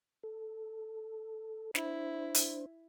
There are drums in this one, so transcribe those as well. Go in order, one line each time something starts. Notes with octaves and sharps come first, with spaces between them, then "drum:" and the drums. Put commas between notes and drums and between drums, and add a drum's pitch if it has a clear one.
A4
D4 E4 C5, drum: snare
drum: hi-hat